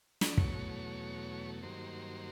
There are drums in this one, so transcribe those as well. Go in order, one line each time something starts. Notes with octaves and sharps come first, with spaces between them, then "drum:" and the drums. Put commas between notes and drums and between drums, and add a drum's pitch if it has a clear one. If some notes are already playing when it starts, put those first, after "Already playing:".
D#5, drum: snare
D5
E2 B2 F#3 A3 C#5, drum: kick
G2 D#3 F#3 A#3 C5